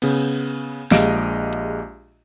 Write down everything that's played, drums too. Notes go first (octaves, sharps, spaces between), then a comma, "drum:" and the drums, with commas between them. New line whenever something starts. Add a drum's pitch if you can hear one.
C#3 B3, drum: cymbal
A#1 G#3 G4 D#5 F5 D7, drum: snare
drum: hi-hat